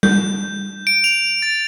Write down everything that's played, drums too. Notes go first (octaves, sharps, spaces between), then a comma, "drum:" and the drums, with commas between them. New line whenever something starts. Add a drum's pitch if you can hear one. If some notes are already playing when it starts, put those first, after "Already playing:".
G6, drum: tom G3
D7
F7
A6